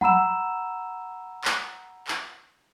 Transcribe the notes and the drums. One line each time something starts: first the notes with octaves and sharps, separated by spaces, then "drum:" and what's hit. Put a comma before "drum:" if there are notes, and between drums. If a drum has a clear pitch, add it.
F#5 A#5 B5 E6 E7, drum: tom F3
drum: clap
drum: clap